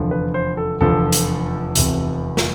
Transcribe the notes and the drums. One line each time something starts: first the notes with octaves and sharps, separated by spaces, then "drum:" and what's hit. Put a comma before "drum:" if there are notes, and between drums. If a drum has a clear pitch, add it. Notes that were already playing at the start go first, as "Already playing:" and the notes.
Already playing: F1 E2 D3 F3
B4
C5
A4
F1 E2 D3 F3 A4
drum: hi-hat
F1 E2 C3, drum: hi-hat
drum: snare